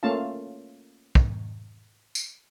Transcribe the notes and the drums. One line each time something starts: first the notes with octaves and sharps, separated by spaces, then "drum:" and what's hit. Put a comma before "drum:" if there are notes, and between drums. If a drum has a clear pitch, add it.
A3 A#3 C#4 F4 F5 A5
drum: kick
drum: tambourine